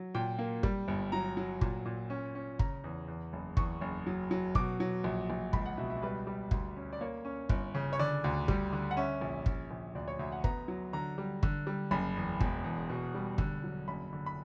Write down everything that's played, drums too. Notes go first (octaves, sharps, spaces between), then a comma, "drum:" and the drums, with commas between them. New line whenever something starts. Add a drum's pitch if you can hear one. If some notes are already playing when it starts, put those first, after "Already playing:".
Already playing: F#3
A#2 G5
A#3
G3, drum: kick
G1
F#3 A#5
F#3
A#2, drum: kick
A#2
C#4
C#4
C#3 A#5, drum: kick
E2
E2
F#1
E2 C#6, drum: kick
F#1
F#3
F#3
B2 D6, drum: kick
F#3
A#1
A#1
C#2 B5, drum: kick
F#5
B2 E5
E5
G3 B4
G3
D2, drum: kick
C#4
D5
A#3 C#5
C#4
G1, drum: kick
C#3
C#5
D3 D5
D2
G3, drum: kick
D3
F#5
C#4 E5
A#1
C#4, drum: kick
A#1
D2 D5
C#5
D2 E5
F#5
B3 A#5, drum: kick
F#3
D3 A#5
G3
D3, drum: kick
G3
F#1 B5
E2
E1, drum: kick
E2
B2
G3
D3, drum: kick
F#3
F#1 B5
D3
B5